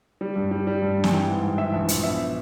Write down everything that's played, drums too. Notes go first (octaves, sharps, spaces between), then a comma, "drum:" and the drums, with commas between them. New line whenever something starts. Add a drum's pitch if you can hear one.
G3
G2
G3
G3
G2
G2
G#5, drum: snare
E3 G5
G#2
G#2
E3 E5
A#1
A#1, drum: hi-hat
B3 E5